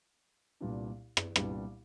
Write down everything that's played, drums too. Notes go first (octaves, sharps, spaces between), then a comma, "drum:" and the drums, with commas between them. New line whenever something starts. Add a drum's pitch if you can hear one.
C2 A#2 G3 B3 D4
drum: rim click
C2 A#2 G3 B3 D4, drum: rim click